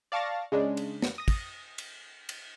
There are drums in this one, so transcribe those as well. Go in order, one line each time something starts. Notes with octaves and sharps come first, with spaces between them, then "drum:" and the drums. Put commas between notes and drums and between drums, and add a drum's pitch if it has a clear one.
D5 F5 A5 C#6 A6 A#6
C#3 G#3 D4
drum: cymbal
drum: snare
D#6 A#6
drum: kick, cymbal
drum: cymbal
drum: cymbal